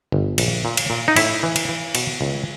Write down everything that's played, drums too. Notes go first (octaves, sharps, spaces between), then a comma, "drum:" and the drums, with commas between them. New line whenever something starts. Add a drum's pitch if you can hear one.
G1
A#1, drum: cymbal
A#2
drum: cymbal
A#2
D#4
A2 E4, drum: cymbal
E3
drum: cymbal
E3
B2, drum: cymbal
C#2